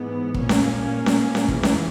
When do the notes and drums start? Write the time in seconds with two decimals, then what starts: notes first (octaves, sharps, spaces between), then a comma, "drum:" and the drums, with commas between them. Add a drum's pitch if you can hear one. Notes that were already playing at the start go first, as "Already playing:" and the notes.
Already playing: G#2 E3 B3
0.34 A#2 A#3 C#4, drum: kick
0.49 drum: snare C#4
1.06 drum: snare C#4
1.35 drum: snare C#4
1.48 E2 C#3 E3, drum: kick
1.63 drum: snare C#4